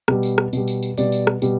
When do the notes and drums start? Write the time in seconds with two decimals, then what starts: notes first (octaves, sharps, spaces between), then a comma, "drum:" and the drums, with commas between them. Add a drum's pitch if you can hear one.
0.08 B2 G3, drum: rim click
0.23 drum: tambourine
0.38 drum: rim click
0.53 B2 G3, drum: tambourine
0.68 drum: tambourine
0.83 drum: tambourine
0.98 B2 G3 D5, drum: tambourine
1.12 drum: tambourine
1.27 drum: rim click
1.42 B2 G3, drum: tambourine